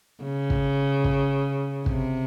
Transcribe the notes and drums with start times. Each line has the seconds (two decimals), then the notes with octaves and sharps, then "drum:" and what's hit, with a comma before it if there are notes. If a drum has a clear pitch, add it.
0.23 C#3
0.50 drum: kick
1.04 drum: kick
1.86 C3, drum: kick